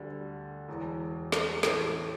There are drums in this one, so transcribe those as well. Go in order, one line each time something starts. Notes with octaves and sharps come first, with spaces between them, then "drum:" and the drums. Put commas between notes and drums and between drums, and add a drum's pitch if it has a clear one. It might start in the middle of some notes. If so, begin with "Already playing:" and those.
Already playing: D2 D3 G3
E1 E2 E3
drum: snare
A1 A2 A3, drum: snare